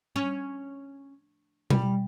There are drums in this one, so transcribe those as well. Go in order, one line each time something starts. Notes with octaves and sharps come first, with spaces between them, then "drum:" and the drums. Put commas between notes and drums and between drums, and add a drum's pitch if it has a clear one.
C#4
G3, drum: tom B2